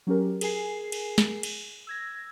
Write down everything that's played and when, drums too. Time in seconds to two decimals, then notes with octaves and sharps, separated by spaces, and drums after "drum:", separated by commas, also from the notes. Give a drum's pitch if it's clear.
0.07 F#3 C#4 G4 A#4
0.41 G#4 A#4 G#5 C7, drum: cymbal
0.92 drum: cymbal
1.18 drum: snare
1.43 drum: cymbal
1.87 E6 G#6 A#6